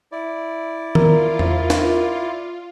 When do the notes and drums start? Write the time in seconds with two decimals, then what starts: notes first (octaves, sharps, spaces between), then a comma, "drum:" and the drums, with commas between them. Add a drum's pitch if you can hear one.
0.12 E4 D5
0.95 F4 A#4, drum: tom D#3
1.39 drum: tom E2
1.70 drum: snare